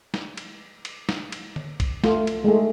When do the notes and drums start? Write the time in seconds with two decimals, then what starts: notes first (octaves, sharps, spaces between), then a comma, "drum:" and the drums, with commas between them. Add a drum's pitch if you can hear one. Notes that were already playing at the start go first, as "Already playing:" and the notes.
0.14 drum: snare
0.37 drum: cymbal
0.85 drum: cymbal
1.09 drum: snare
1.32 drum: cymbal
1.56 drum: tom D3
1.80 drum: kick A#1, cymbal
2.04 A3 F4, drum: snare
2.27 drum: cymbal
2.44 G#3 A3